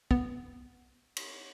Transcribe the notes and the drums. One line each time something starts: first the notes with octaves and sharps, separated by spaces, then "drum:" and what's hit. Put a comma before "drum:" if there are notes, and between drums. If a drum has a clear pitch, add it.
B3, drum: kick
drum: cymbal